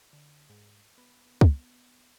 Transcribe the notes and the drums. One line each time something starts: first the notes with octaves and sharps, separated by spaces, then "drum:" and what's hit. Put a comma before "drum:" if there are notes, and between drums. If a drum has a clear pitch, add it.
D3
G#2
B3
drum: kick